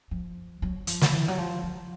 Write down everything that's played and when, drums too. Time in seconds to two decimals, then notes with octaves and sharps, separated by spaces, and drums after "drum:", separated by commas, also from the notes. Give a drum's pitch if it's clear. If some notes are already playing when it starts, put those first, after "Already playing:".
0.11 F3
0.62 F#3
0.87 F3, drum: hi-hat
1.01 drum: snare
1.12 E3
1.28 F#3
1.38 F3
1.63 F3